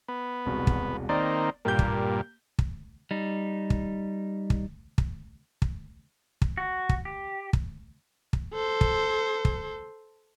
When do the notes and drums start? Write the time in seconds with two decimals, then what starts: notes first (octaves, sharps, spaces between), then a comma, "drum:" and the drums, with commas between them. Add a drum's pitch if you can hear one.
0.08 B3
0.46 E1 C2 F#4
0.67 drum: kick
1.09 D#3 A#3 C4 D5
1.65 G2 A#2 A#3 G4 G6
1.79 drum: kick
2.59 drum: kick
3.11 G3 D#4
3.70 drum: kick
4.50 drum: kick
4.98 drum: kick
5.62 drum: kick
6.42 drum: kick
6.57 F#4
6.89 drum: kick
7.05 G4
7.53 drum: kick
8.33 drum: kick
8.54 A4 C5
8.81 drum: kick
9.45 drum: kick